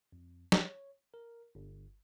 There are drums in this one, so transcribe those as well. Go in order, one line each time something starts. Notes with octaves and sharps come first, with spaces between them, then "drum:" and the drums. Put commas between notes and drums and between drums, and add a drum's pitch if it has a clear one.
F2
C#5, drum: snare
A#4
G1